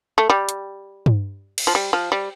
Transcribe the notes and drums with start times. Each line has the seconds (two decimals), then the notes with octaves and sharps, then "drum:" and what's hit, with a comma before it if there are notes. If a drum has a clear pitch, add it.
0.18 A3
0.30 G3
0.49 drum: hi-hat
1.06 drum: tom G2
1.58 drum: cymbal
1.67 F3
1.75 G3
1.93 F3
2.12 G3